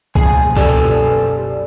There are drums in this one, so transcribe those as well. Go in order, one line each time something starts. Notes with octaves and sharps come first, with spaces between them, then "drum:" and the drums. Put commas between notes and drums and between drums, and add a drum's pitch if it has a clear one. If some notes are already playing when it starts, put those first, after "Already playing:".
F#1 B2 F3 G#4 G#5, drum: kick C2
G4 A4 D5 G#5, drum: kick C2